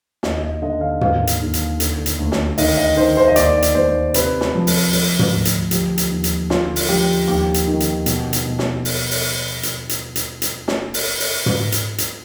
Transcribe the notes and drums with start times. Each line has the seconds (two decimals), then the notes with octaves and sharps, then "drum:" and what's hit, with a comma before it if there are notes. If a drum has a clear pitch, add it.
0.23 D#2 D#5, drum: snare
0.42 D#5
0.62 D3 D#5
0.81 F5
1.01 D#2 F5, drum: tom
1.27 drum: hi-hat
1.40 D#2
1.53 drum: hi-hat
1.80 D3, drum: hi-hat
2.06 drum: hi-hat
2.19 D2
2.32 drum: snare
2.58 D#3 D#5, drum: open hi-hat
2.77 D#5
2.97 D#3 C5
3.17 C5
3.28 D#5
3.36 D#2 D5, drum: hi-hat
3.62 drum: hi-hat
3.75 D#2 C5
4.14 C3 B4, drum: hi-hat
4.41 drum: snare
4.54 F3
4.67 drum: open hi-hat
4.93 F3, drum: open hi-hat
5.19 drum: tom
5.32 D2
5.45 drum: hi-hat
5.71 F3 G4, drum: hi-hat
5.98 drum: hi-hat
6.11 D#2
6.24 drum: hi-hat
6.50 D3 F4, drum: snare
6.76 drum: open hi-hat
6.89 F3 G4
7.28 D#2 G4
7.54 drum: hi-hat
7.68 D#3
7.80 drum: hi-hat
8.06 B2, drum: hi-hat
8.33 drum: hi-hat
8.46 B2
8.59 drum: snare
8.85 drum: open hi-hat
9.11 drum: open hi-hat
9.63 drum: hi-hat
9.89 drum: hi-hat
10.16 drum: hi-hat
10.42 drum: hi-hat
10.68 drum: snare
10.94 drum: open hi-hat
11.20 drum: open hi-hat
11.46 drum: tom
11.72 drum: hi-hat
11.98 drum: hi-hat